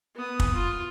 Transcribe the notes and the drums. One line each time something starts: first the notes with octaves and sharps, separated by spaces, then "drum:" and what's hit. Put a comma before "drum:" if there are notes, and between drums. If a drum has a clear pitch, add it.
B3 D#6
drum: kick
F4